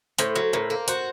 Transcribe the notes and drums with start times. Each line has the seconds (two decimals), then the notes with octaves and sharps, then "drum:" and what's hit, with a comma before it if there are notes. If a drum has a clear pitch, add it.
0.18 A2 C5, drum: hi-hat
0.36 F#3
0.53 A2 A#4
0.70 A#3
0.88 F#4 C5, drum: hi-hat